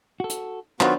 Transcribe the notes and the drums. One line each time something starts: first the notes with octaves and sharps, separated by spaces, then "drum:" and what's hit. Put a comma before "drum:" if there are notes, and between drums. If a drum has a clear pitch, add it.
F#4 A4
drum: hi-hat
D#3 F#3 B3 D4 F4 F#4 B4 C5, drum: clap